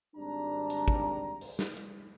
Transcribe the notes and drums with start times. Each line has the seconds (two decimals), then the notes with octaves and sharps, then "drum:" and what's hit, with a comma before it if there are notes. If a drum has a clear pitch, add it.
0.16 G#1 G3 D4 A#5
0.70 drum: hi-hat
0.88 drum: kick
1.41 drum: open hi-hat
1.59 drum: snare
1.77 drum: hi-hat